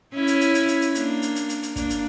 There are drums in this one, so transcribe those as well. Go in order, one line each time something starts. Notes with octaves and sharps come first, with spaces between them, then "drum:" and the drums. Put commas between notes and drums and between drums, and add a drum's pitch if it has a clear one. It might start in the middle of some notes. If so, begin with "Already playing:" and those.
C#4 E4
drum: hi-hat
drum: hi-hat
drum: hi-hat
drum: hi-hat
drum: hi-hat
A#3 D4, drum: hi-hat
drum: hi-hat
drum: hi-hat
drum: hi-hat
drum: hi-hat
A#3 D4, drum: kick, hi-hat
drum: hi-hat